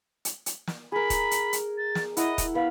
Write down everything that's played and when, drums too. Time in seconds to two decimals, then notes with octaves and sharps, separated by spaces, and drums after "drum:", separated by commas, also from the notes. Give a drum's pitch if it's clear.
0.25 drum: hi-hat
0.46 drum: hi-hat
0.67 drum: snare
0.92 G#4 A#4 B5
1.10 drum: kick D#1, hi-hat
1.31 drum: hi-hat
1.53 drum: hi-hat
1.78 A6
1.95 drum: snare
2.17 E4 D#5 F#5, drum: hi-hat
2.38 drum: kick D#1, hi-hat
2.55 B3 F5 B5